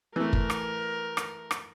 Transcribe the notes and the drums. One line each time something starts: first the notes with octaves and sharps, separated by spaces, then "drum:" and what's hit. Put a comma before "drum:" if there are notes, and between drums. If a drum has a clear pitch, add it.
E3 A3 A#4
drum: kick
drum: rim click
drum: rim click
drum: rim click